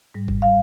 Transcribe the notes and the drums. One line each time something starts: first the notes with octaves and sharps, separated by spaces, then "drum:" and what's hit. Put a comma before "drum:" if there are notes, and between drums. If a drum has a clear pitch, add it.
G#2 G3
drum: kick
G3 F5